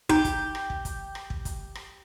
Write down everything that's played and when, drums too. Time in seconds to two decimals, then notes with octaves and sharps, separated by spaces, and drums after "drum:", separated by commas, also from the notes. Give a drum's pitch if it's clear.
0.09 D#4 G4, drum: kick
0.25 drum: kick, hi-hat
0.55 drum: rim click
0.70 drum: kick
0.85 drum: kick, hi-hat
1.15 drum: rim click
1.30 drum: kick
1.45 drum: kick, hi-hat
1.75 drum: rim click